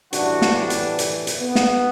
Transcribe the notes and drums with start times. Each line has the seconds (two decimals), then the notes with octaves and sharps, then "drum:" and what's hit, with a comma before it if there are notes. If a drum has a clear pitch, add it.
0.13 A2 E3 G3 D4 F#4, drum: hi-hat
0.42 drum: snare
0.55 B3 D4
0.70 drum: hi-hat
0.99 drum: hi-hat
1.27 drum: hi-hat
1.41 B3
1.55 drum: snare